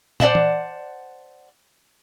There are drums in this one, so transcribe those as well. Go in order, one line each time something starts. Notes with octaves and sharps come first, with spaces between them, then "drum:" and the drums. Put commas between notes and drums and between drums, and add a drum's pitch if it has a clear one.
C5 D5 E5 F#5 A5, drum: tom
drum: tom E3